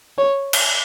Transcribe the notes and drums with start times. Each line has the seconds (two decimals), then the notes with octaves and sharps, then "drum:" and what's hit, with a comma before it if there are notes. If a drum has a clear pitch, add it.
0.18 C#5
0.53 drum: cymbal